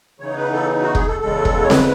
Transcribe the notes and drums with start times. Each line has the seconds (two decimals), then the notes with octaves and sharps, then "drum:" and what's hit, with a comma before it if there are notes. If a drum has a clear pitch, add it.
0.20 C#3 E3 B3 D#4 C#5
0.37 B4
0.53 A4
0.82 F#4
0.95 G#4, drum: kick E1
1.07 A4
1.20 E2 C#3 G#3 A4
1.45 drum: kick E1
1.63 C#5
1.70 B4, drum: snare C4